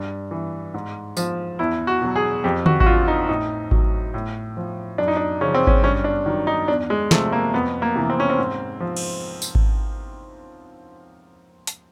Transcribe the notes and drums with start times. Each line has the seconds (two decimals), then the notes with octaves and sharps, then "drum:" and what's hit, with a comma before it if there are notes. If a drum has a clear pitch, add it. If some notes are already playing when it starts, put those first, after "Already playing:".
Already playing: G2
0.31 E3
0.74 G#2
1.17 F3, drum: tambourine
1.59 E2 E4
1.87 F#4
2.02 B2 F#3
2.16 G#4
2.44 F2 G4
2.66 F#4, drum: tom D3
2.80 F#4, drum: kick G#1
2.86 D3 F3 F4
3.08 D#4
3.29 A2 D#4
3.71 F#3, drum: kick G#1
4.14 A2
4.57 F3
4.98 F#2 D4
5.08 D#4
5.17 D4
5.41 C#3 F3 C#4
5.54 C4
5.67 C#4, drum: kick G#1
5.84 G2 C#4
6.04 D4
6.26 D#3 F#3
6.47 D#4
6.68 E2 D4
6.90 G#3
7.11 C3 F3 A3, drum: snare
7.32 A#3
7.53 F2 B3
7.82 A#3
7.95 C3 E3
8.10 C4
8.20 C#4
8.30 C4
8.39 G#2
8.80 F3
8.96 drum: cymbal
9.42 drum: tambourine
9.55 drum: kick G#1
11.67 drum: hi-hat